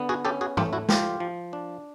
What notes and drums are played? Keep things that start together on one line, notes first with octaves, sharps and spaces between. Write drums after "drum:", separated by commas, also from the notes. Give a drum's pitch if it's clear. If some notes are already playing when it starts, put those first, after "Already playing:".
Already playing: D3 B3
F#4 G#4
C#4 G4 A4
F#4 G#4
A3 F4 G4, drum: tom G#2
E4 F#4
F3 F4 G4, drum: snare
F3
D4